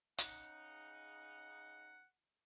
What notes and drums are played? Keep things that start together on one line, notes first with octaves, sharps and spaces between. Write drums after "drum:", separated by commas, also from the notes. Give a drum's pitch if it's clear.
C#3 D#4 F#5, drum: hi-hat